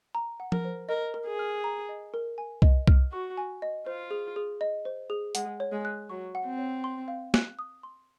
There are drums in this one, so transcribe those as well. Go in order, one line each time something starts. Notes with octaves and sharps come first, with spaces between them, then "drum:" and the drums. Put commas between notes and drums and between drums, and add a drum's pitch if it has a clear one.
A#5
F#5
A#4, drum: tom F3
C5
A#4 D#5
A#4
G#4
F6
A#5
D#5
A#4
G#5
D#5, drum: kick C2
F6, drum: kick C2
F#4 C#6
G#5
D#5
F4 C5
G#4
G#4
D#5
C5
G#4
G#3 F#5, drum: hi-hat
C#5
G#3
F#6
F#3 C#6
F#5
C4
C#5
C6
F5
F#6, drum: snare
D#6
C6